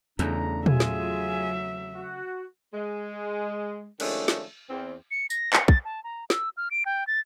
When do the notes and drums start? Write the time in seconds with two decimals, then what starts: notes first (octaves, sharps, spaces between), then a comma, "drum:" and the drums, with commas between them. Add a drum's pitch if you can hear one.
0.19 E2 C#3 A3 D4 A#5, drum: hi-hat
0.66 F#3 F4 G#4 E5 G#5, drum: tom
0.80 drum: snare
1.95 F#4
2.73 G#3
4.00 D#3 F3 G#3 A3 C#4 D4, drum: cymbal
4.28 drum: snare
4.69 E2 C4
5.11 C#7
5.30 A#6, drum: tambourine
5.53 C#7, drum: clap
5.68 A6, drum: kick
5.85 A5
6.04 A#5
6.30 E6, drum: snare
6.57 F6
6.71 D7
6.86 G5
7.07 A6